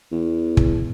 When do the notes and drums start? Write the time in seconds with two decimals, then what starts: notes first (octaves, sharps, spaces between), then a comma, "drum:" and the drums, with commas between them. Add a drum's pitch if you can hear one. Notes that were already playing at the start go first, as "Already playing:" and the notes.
0.12 E2
0.57 drum: kick